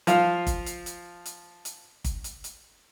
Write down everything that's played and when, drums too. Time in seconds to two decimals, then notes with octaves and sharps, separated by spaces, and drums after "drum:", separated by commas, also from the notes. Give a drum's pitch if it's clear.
0.07 F3 F4 F5, drum: hi-hat
0.47 drum: kick, hi-hat
0.66 drum: hi-hat
0.86 drum: hi-hat
1.26 drum: hi-hat
1.65 drum: hi-hat
2.05 drum: kick, hi-hat
2.24 drum: hi-hat
2.44 drum: hi-hat